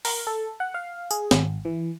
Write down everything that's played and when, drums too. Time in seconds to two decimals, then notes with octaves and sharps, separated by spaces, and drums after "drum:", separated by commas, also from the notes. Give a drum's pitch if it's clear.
0.05 A#4, drum: open hi-hat
0.27 A4
0.60 F#5
0.74 F5
1.11 G#4, drum: tambourine
1.31 G#1, drum: snare
1.65 E3